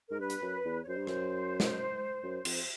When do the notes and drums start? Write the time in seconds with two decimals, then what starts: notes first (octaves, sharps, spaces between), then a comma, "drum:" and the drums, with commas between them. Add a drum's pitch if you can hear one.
0.09 G#2 A#4
0.20 G2 B4
0.30 drum: hi-hat
0.42 F#2
0.65 E2
0.83 C#5
0.87 F#2 C5
0.97 G2
1.07 F#2, drum: rim click
1.60 drum: snare
2.23 F#2
2.45 F2, drum: cymbal